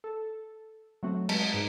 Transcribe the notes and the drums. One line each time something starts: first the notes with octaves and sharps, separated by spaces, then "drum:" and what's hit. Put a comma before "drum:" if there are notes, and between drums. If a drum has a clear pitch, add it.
A4
F#3 A3 C4 F#4
G#3 A5 A#5 B6, drum: cymbal
G#2